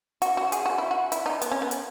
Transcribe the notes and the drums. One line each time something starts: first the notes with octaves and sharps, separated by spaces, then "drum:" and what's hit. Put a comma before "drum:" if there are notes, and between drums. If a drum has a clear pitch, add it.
F#4, drum: hi-hat
F#4
G#4, drum: hi-hat
F#4
E4
F#4
E4, drum: hi-hat
D#4
B3, drum: hi-hat
C#4
B3
drum: hi-hat